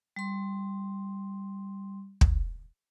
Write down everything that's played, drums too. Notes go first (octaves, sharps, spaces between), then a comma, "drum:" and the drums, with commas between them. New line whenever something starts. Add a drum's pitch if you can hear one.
G3 C6
drum: kick